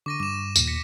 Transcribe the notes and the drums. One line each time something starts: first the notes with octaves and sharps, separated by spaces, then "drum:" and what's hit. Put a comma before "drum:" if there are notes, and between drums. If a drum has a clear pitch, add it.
D3 C#6 D6 A#6 D#7
G2 D6 E7
D#2 A#2, drum: tambourine
A#6 B6 C#7